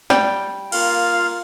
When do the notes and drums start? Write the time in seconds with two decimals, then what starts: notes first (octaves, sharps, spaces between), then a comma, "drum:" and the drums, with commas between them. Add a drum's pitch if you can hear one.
0.10 G3 G5, drum: snare
0.72 A#3 F4 F5, drum: cymbal